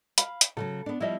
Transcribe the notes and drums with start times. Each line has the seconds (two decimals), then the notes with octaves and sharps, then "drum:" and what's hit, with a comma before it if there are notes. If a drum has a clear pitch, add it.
0.18 F5 B5, drum: hi-hat
0.41 drum: hi-hat
0.57 C#3 F3 F#3 A4
0.86 B3 D4
1.00 F3 G3 E4 D#5 E5